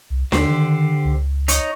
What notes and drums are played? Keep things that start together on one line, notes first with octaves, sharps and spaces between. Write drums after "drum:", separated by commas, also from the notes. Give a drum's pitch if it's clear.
C2
D#2 D3 G4 C5, drum: snare D4
D#3
C#2
D#4 C#5, drum: hi-hat